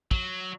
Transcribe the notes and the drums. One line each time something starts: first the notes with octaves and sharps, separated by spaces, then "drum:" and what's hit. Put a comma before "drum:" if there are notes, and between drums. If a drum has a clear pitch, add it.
F#3, drum: kick